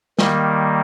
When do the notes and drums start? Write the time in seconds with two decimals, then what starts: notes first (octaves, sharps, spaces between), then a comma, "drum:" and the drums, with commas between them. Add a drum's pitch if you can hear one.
0.19 D#3 G3 A#3, drum: snare